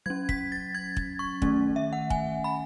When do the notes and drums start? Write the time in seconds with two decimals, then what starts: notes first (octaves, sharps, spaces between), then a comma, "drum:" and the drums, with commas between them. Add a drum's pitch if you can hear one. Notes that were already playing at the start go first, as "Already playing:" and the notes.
0.06 F#3 C#4 G#6
0.29 B6, drum: kick
0.52 A6
0.74 G#6
0.97 drum: kick
1.19 C#6
1.42 D#3 A3 C#4, drum: kick
1.76 E5
1.93 F#5
2.10 G#5, drum: kick
2.44 B5